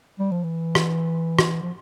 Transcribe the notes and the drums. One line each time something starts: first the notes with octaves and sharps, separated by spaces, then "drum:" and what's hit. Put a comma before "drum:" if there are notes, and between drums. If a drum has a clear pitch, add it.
G3
F3
E3
drum: rim click
drum: rim click
F3